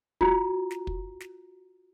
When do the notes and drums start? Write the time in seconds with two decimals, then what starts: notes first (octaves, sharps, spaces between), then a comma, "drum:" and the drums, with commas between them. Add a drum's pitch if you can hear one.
0.21 F4 F#4 A#5, drum: kick
0.71 drum: snare
0.87 drum: kick
1.20 drum: snare